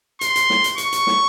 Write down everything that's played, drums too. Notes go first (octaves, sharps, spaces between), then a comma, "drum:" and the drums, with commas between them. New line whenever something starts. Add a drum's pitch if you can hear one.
C6, drum: hi-hat
drum: hi-hat
drum: snare
drum: hi-hat
C#6, drum: hi-hat
drum: hi-hat
drum: snare